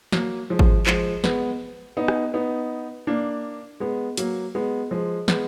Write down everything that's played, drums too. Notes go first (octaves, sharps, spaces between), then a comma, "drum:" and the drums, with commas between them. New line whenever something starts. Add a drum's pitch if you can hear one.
F#3 A#3, drum: snare
F3 G#3
drum: kick
F3 G#3, drum: clap
G#3 B3, drum: snare
B3 D#4
drum: rim click
B3 D#4
A#3 D4
G#3 B3
F#3 A#3, drum: hi-hat
G#3 B3
F3 G#3
G#3 B3, drum: snare